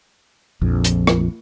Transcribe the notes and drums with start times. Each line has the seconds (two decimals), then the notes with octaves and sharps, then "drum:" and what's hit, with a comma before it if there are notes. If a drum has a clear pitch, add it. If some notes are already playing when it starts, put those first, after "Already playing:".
0.61 A#1 F2
0.84 drum: hi-hat
1.07 drum: rim click